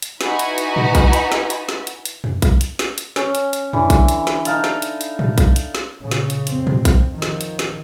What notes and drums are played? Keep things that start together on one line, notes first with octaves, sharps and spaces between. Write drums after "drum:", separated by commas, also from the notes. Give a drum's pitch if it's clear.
drum: hi-hat
D#4 E4 F#4 B4 G#5 B5, drum: snare
drum: hi-hat
drum: hi-hat
drum: tom A2
drum: kick A#1, hi-hat
drum: hi-hat
drum: snare
drum: hi-hat
drum: snare
drum: hi-hat
drum: hi-hat
drum: tom F2
drum: kick A#1, hi-hat
drum: hi-hat
drum: snare
drum: hi-hat
C#4, drum: snare
drum: hi-hat
drum: hi-hat
D3 E3, drum: tom F2
drum: kick A#1, hi-hat
drum: hi-hat
drum: snare
D#4 F5 A5, drum: hi-hat
drum: snare
drum: hi-hat
drum: hi-hat
drum: tom A2
drum: kick A#1, hi-hat
drum: hi-hat
drum: snare
A#2 C#3
drum: snare
drum: hi-hat
F2 C4, drum: hi-hat
drum: tom A2
drum: kick A#1, hi-hat
D#3 F3
drum: snare
drum: hi-hat
drum: snare